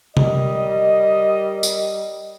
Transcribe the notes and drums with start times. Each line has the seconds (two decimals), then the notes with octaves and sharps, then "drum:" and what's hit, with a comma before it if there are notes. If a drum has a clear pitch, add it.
0.17 G3 A#4 D#5, drum: tom C3
1.63 drum: tambourine